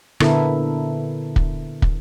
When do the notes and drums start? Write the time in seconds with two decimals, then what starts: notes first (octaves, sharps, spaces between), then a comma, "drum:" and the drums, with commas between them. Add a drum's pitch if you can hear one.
0.20 A#2 D3 B3 E4 A4 A#4, drum: rim click
1.36 drum: kick
1.82 drum: kick